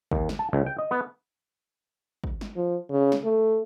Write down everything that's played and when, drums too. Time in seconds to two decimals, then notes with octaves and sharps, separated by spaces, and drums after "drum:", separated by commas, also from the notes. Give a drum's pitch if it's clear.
0.11 D#2, drum: kick
0.29 drum: snare
0.39 A5
0.53 C#2
0.66 G5
0.78 D#5
0.91 B3
2.24 drum: kick
2.41 drum: snare
2.56 F3
2.91 C#3
3.12 drum: snare
3.24 A3